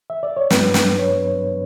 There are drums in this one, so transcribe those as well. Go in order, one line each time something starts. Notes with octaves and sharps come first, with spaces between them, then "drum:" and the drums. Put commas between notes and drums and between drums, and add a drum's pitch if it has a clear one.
E5
D5
C#5
G2 F#3 B3 D4 B4, drum: snare
drum: snare
C#5